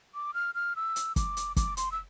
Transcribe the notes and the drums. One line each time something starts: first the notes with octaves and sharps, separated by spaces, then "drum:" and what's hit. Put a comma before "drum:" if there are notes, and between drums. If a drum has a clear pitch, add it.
D6
F6
F6
E6
drum: hi-hat
D6, drum: kick, hi-hat
drum: hi-hat
D6, drum: kick, hi-hat
C6, drum: hi-hat
E6